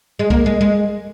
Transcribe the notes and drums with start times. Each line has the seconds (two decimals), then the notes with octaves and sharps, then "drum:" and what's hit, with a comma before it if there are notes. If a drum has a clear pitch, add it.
0.19 G#3
0.30 A#3, drum: kick C2
0.46 G#3
0.61 G#3